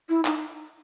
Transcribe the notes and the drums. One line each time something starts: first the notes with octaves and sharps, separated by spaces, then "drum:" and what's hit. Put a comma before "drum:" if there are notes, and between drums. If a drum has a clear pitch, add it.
E4
D#4, drum: clap